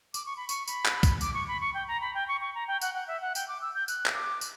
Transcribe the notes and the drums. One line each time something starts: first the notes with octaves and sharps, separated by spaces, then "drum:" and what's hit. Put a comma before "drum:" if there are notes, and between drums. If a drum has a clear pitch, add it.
D6, drum: tambourine
C#6
B5
C#6, drum: tambourine
B5, drum: tambourine
drum: clap
drum: kick, tambourine
D6, drum: tambourine
C#6
B5
C#6
G5
A#5
B5
G5
C#6
C#6
A#5
G5
F#5, drum: tambourine
F#5
E5
F#5
G5, drum: tambourine
D6
E6
G6
F#6, drum: tambourine
drum: clap
D6
drum: tambourine